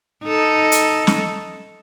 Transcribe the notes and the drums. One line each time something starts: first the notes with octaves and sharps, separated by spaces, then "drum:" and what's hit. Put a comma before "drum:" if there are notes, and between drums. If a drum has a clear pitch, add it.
D#4 A4
drum: hi-hat
drum: snare